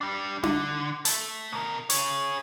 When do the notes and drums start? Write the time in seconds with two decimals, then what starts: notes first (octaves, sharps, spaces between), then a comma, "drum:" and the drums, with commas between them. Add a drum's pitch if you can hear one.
0.01 G3 D4
0.43 D3, drum: tom D4
1.05 A3 A4, drum: hi-hat
1.52 B2 A#4
1.90 G#4 C#5, drum: hi-hat